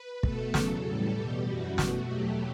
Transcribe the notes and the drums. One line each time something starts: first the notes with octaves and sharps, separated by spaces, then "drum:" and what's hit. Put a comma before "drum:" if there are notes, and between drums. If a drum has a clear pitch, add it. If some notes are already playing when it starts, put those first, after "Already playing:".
Already playing: B4
B2 A3 A4, drum: kick
E2 C#3 F#3, drum: snare
A2 E3 G3
E2 B2 G3 G4
F#2 E3 G3 F#4
B2 A3, drum: snare
E2 B2 F#3 A3 G4